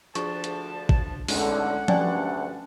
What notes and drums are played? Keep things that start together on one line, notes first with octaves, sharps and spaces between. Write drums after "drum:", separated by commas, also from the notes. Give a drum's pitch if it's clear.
D2 F3 D4 F#4 G#4 A5 C#6, drum: hi-hat
drum: hi-hat
drum: kick A1
B1 A2 D3 G#3 C#4 D#4 F#5, drum: open hi-hat
D2 G2 C#4 D5 G#5 A5, drum: tom F3